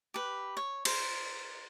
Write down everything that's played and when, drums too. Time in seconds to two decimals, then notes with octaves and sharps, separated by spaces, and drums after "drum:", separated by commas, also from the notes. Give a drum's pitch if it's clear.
0.14 G4 B4
0.57 C#5
0.85 A#4 C5, drum: cymbal